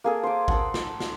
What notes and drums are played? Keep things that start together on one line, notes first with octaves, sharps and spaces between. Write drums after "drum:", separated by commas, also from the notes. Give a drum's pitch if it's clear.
A#3 G#4 A4
C5 D6
F#5 A5 E6, drum: kick A1
drum: snare
drum: snare